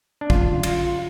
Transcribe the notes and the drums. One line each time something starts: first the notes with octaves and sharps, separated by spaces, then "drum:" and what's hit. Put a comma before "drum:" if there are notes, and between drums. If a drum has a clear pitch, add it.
D4
D3 F#3 C#4 F4, drum: kick
F4, drum: cymbal